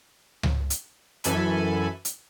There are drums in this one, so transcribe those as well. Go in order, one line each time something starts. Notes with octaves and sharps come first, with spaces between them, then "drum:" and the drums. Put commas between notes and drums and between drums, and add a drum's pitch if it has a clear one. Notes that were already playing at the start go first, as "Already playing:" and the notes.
drum: tom C#2
drum: hi-hat
F#2 E3 A4 G#5 B5, drum: hi-hat
drum: hi-hat